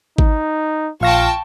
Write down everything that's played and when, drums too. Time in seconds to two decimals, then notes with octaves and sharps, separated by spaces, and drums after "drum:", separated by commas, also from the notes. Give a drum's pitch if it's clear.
0.18 D#4, drum: kick G#1
1.01 A#1 F4 F5 G5 A5 C#6 A#6